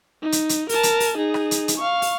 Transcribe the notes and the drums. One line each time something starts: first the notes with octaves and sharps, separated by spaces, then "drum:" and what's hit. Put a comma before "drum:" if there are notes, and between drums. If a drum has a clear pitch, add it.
D#4
drum: hi-hat
drum: hi-hat
A#4 A5, drum: open hi-hat
drum: hi-hat
drum: open hi-hat
D#4 G#4
drum: rim click
drum: hi-hat
drum: hi-hat
F5 C#6
drum: open hi-hat